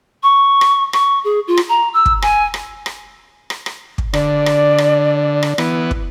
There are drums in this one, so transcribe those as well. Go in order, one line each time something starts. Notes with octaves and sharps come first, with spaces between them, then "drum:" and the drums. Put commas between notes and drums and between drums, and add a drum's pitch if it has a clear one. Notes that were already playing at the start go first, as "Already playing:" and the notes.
C#6
drum: rim click
C#6, drum: rim click
G#4
F4
drum: rim click
A#5
E6
drum: kick
G#5, drum: rim click
drum: rim click
drum: rim click
drum: rim click
drum: rim click
drum: kick
D3 D5, drum: rim click
drum: rim click
drum: rim click
drum: rim click
E3 B3, drum: rim click
drum: kick